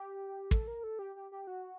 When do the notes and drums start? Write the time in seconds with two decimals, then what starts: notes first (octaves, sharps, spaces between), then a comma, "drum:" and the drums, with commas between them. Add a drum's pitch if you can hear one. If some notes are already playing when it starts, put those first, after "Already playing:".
Already playing: G4
0.51 A4, drum: kick
0.68 A#4
0.84 A4
0.99 G4
1.16 G4
1.32 G4
1.47 F#4